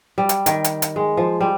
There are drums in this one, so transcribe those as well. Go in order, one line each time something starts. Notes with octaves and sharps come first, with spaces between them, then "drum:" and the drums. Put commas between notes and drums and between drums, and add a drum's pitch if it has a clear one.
G3
drum: hi-hat
D#3, drum: hi-hat
drum: hi-hat
drum: hi-hat
G#3
F3
G3